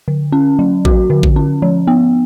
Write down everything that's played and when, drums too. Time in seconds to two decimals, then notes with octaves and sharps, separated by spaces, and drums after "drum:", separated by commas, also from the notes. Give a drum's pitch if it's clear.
0.08 D3
0.32 C#4
0.59 F#3
0.85 F#4, drum: kick A1
1.10 D3
1.23 drum: kick A1
1.36 C#4
1.62 F3
1.87 B3